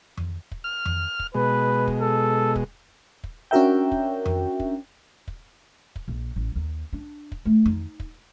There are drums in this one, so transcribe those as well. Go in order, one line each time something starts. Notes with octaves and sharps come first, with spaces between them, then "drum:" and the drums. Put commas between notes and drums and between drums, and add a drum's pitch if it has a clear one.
drum: tom F2
drum: kick
F6
drum: tom F2
drum: kick
B2 G#3 B4
drum: kick
A4
drum: kick
drum: kick
C#4 D4 F#4 A#4 E5 G5
drum: kick
drum: tom F2
drum: kick
drum: kick
drum: kick
A#1
A1
D#2
D4
drum: kick
A3
D#4, drum: tom F2
drum: kick